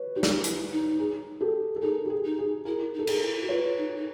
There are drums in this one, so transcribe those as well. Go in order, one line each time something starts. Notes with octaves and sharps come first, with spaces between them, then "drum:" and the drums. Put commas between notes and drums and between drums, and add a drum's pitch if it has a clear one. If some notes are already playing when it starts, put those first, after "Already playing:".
Already playing: B4 C#5
D#4 G4
E4, drum: snare
D#4
E4, drum: hi-hat
D#4
G#4
G4 A4
A4
D#4 G#4 A#4
G4
G#4
D#4
G#4
E4 G#4 A#4
D#4
A4
G#4 A#4, drum: cymbal
E4
F#4
F4 B4 C#5
D#4
D#4